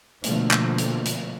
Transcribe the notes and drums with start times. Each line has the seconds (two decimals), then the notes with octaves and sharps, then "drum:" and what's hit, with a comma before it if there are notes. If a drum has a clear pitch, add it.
0.24 B2 D3 F3 A3 A#3, drum: hi-hat
0.51 drum: clap
0.78 drum: hi-hat
1.05 drum: hi-hat